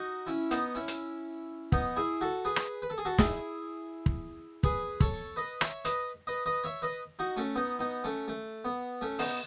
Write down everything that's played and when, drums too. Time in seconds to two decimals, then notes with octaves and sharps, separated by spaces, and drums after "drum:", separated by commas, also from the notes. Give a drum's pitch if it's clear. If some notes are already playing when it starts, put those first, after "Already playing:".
Already playing: D#4 F#4
0.27 C#4 E4
0.51 B3 D#4, drum: hi-hat
0.75 C#4 E4
0.88 drum: hi-hat
1.72 B3 D#4, drum: kick
1.96 E4 G#4
2.21 F#4 A4
2.45 G#4 B4
2.56 drum: rim click
2.82 B4
2.90 A4
2.98 G#4
3.05 F#4 A4
3.18 E4 G#4, drum: snare
4.06 drum: kick
4.63 G#4 B4, drum: kick
5.00 A4 C#5, drum: kick
5.36 B4 D#5
5.61 C#5 E5, drum: rim click
5.85 B4 D#5, drum: hi-hat
6.27 B4 D#5
6.46 B4 D#5
6.64 C#5 E5
6.82 B4 D#5
7.19 D#4 F#4
7.37 A3 C#4
7.56 B3 D#4
7.79 B3 D#4
8.04 A3 C#4
8.28 A3
8.65 B3
9.01 A3 C#4
9.19 B3 D#4, drum: open hi-hat